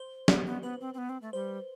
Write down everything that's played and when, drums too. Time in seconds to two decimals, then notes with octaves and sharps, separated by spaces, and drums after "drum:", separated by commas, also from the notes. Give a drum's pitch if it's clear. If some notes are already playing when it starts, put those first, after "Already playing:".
Already playing: C5
0.28 B3, drum: snare
0.46 B3
0.63 B3 B4
0.81 C4
0.94 C4
0.98 B3
1.09 C4
1.22 A3
1.33 G3 C5